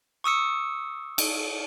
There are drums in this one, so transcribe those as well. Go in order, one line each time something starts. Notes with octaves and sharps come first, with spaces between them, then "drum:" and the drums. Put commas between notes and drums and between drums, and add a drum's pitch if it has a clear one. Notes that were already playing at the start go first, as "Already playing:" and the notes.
C#6 D#6 E6 C#7
drum: cymbal